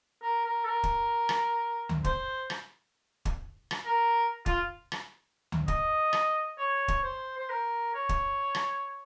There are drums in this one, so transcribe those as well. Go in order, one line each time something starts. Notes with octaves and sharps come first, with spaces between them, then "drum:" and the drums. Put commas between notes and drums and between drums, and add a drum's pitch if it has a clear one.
A#4
A#4
A4
A#4
drum: kick
drum: rim click
drum: tom C#2
C5, drum: kick
drum: rim click
drum: kick
drum: rim click
A#4
F4, drum: kick
drum: rim click
drum: tom C#2
D#5, drum: kick
drum: rim click
C#5
drum: kick
C5
C5
A#4
C#5
drum: kick
drum: rim click